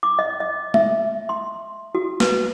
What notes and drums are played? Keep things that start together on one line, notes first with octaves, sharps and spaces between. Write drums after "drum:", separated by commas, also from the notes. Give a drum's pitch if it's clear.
D6
D#5
D#5
E5, drum: tom G#3
C6
F#4
B4, drum: snare